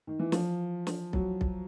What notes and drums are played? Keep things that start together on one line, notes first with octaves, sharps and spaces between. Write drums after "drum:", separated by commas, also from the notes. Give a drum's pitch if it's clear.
D#3
E3
F3, drum: snare
drum: snare
F#3, drum: kick B1
drum: kick B1